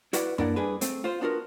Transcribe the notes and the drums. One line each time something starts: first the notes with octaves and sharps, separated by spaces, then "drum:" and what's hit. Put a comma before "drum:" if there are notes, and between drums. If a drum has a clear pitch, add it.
E4 F#4 B4 D5 F#5, drum: hi-hat
A#3 D4 E4 A#4 D5 F#5, drum: tom F#2
G2 D4 G#4 B4
A3 C4, drum: hi-hat
F4 C5
B3 D4 F4 F#4 A#4